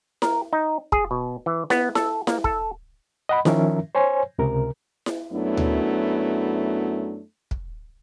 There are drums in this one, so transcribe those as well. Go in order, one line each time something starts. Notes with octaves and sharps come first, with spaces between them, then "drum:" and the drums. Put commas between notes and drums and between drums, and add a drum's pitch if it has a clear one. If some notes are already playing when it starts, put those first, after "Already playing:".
A#4, drum: snare E4
D#4
G#4, drum: kick
B2
E3
B3, drum: snare E4
A4, drum: snare E4
A#3, drum: snare E4
A4, drum: kick
D#5 F#5 B5
D#3 F3 C#4 A#4 E5, drum: snare E4
C5 C#5 G#5
C#2 C3 A#4
drum: snare E4
F#2 F#3 A3 B3 D4 E4
drum: tom D2
drum: kick